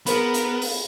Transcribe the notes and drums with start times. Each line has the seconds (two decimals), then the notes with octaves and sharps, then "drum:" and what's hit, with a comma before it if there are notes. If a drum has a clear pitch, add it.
0.06 B3 G#4 A#4 C5 B5, drum: hi-hat
0.34 drum: hi-hat
0.61 drum: open hi-hat